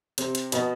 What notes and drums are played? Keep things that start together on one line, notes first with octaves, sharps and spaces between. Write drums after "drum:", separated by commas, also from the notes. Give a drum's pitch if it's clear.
C3 C4, drum: hi-hat
drum: hi-hat
B2 B3, drum: hi-hat